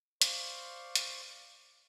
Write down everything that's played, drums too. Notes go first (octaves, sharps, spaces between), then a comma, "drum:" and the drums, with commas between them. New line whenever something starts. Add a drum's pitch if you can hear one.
C5 D5 F5 C6 C#6, drum: hi-hat
drum: hi-hat